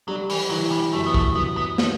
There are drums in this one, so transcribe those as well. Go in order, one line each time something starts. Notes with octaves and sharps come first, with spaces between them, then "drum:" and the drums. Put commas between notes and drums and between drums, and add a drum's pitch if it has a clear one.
F#3 G3
E3, drum: open hi-hat
E3 F#3
G3
F#2 A3
B3
A3, drum: kick
F#2 B3
B3
G3, drum: snare